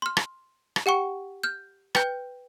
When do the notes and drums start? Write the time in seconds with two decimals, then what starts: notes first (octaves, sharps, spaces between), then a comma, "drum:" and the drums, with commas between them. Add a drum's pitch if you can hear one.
0.02 C6 F6
0.17 drum: rim click
0.76 drum: rim click
0.86 G4 F#5 G5 C#6
1.43 F6 G6
1.95 B4 G5 G6, drum: rim click